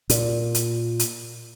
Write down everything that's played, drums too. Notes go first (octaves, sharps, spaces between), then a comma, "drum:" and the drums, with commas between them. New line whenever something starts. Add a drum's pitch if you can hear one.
A#2, drum: hi-hat
drum: hi-hat
drum: hi-hat